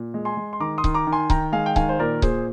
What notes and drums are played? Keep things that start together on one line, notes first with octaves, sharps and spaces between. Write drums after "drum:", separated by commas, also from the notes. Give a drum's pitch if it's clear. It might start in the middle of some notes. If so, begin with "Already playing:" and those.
Already playing: A#2
G#3
G#5 C6
G#3
C6
D#3 A#5 D6
C6 D#6
D#3, drum: kick C#1
A#5 D6
D#3
G#5 C6
D#3 G5 A#5, drum: kick C#1
G#3 F5 G#5
G5
D#3 F5 G#5, drum: kick C#1
C5
A#2 A#4 D5
A#2 G#4 C5, drum: kick C#1